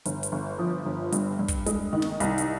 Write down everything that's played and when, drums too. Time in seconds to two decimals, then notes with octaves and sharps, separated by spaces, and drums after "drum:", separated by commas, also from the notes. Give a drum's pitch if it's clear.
0.05 G1, drum: hi-hat
0.23 drum: hi-hat
0.32 G1
0.59 F3
0.86 G1
1.12 G2, drum: hi-hat
1.39 G2
1.48 drum: kick, hi-hat
1.66 G#3, drum: hi-hat
1.93 D#3
2.02 drum: snare
2.20 C2, drum: hi-hat
2.38 drum: hi-hat